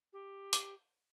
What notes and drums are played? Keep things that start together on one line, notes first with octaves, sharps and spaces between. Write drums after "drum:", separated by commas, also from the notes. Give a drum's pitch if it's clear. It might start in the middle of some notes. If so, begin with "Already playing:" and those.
G4
D6, drum: hi-hat